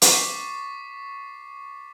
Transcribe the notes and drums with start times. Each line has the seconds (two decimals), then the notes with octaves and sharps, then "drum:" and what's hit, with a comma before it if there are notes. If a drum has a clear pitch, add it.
0.02 C#6 D6 A6 B6 C7, drum: hi-hat